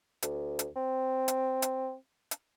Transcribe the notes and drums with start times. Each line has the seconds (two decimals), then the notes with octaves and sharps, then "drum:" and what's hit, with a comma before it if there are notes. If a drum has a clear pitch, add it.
0.22 D2, drum: hi-hat
0.59 drum: hi-hat
0.76 C4
1.28 drum: hi-hat
1.62 drum: hi-hat
2.31 drum: hi-hat